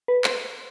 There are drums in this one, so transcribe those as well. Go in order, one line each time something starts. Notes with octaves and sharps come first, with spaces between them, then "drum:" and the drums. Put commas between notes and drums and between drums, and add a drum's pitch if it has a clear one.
B4
C5, drum: clap